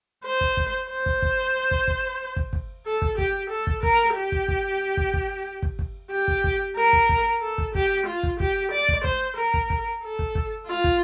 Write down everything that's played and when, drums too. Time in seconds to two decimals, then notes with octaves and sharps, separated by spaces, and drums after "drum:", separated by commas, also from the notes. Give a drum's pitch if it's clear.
0.25 C5
0.41 drum: kick
0.57 drum: kick
0.90 C5
1.06 drum: kick
1.22 drum: kick
1.71 drum: kick
1.88 drum: kick
2.36 drum: kick
2.53 drum: kick
2.86 A4
3.02 drum: kick
3.18 G4, drum: kick
3.50 A4
3.67 drum: kick
3.83 A#4, drum: kick
4.15 G4
4.32 drum: kick
4.48 drum: kick
4.97 drum: kick
5.14 drum: kick
5.62 drum: kick
5.79 drum: kick
6.11 G4
6.28 drum: kick
6.44 drum: kick
6.77 A#4
6.93 drum: kick
7.09 drum: kick
7.41 A4
7.58 drum: kick
7.75 G4, drum: kick
8.06 F4
8.23 drum: kick
8.40 G4, drum: kick
8.72 D5
8.88 drum: kick
9.04 C5, drum: kick
9.37 A#4
9.54 drum: kick
9.70 drum: kick
10.03 A4
10.19 drum: kick
10.35 drum: kick
10.67 F4
10.84 drum: kick